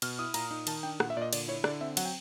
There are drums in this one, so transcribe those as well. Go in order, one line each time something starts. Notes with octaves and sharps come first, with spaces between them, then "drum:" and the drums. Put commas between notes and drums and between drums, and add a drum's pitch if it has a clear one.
B2 F6, drum: cymbal
E4 D#6
A#2 A#5, drum: cymbal
D#4
D#3 A5, drum: cymbal
D4 G5
A#2 F#5, drum: rim click
E5
A#2 D5
D#5
D3 D5, drum: cymbal
E4 C#5
D3 D5, drum: rim click
C4 E5
F#3 F#5, drum: cymbal
G5